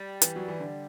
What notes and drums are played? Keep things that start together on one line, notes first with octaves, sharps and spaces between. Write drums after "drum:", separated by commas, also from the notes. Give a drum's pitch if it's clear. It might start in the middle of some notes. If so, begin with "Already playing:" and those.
Already playing: G3
E3, drum: hi-hat
F#3
E3
D3